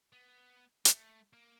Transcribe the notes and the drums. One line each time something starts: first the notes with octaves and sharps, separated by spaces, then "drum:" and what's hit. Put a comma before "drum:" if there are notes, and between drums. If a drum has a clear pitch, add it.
B3
A3, drum: hi-hat
A#3